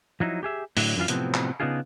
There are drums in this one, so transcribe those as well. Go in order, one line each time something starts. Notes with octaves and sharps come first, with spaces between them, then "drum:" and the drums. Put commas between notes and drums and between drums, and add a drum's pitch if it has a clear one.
F3 F#3 D#4 E4
G4 G#4 E5
A2 D3 F#3, drum: open hi-hat
F#2 D3 E3 F4 F5
A2 C3 F3 F#3 B3 C4, drum: hi-hat
drum: clap
C#3 B3 D4 D#4 F4 G#4